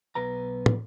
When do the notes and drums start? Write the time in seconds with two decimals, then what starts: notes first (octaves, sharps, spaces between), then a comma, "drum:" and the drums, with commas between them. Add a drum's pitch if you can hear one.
0.15 B1 B3 B4 A#5
0.66 drum: tom